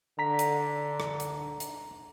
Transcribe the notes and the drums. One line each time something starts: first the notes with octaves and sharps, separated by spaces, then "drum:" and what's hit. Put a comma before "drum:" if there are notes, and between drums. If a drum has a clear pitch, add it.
D3 A#5 B6
drum: hi-hat
drum: rim click
drum: hi-hat
drum: hi-hat